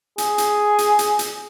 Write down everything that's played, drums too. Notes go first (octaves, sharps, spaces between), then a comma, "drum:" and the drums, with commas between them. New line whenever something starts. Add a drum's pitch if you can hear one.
G#4, drum: hi-hat
drum: hi-hat
drum: hi-hat
drum: hi-hat
drum: hi-hat